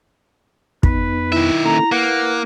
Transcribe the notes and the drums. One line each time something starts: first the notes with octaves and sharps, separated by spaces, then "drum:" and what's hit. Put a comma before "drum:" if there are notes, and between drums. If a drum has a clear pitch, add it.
F2 B3 D#4 B4, drum: kick
D#3 E4 E5
A#3 C#4 A4 A#5
A#3 B4 F#5